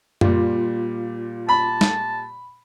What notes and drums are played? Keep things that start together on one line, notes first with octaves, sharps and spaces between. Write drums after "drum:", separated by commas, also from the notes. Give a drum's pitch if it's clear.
A#2 G3 F4, drum: tom F#2
A5 B5
drum: snare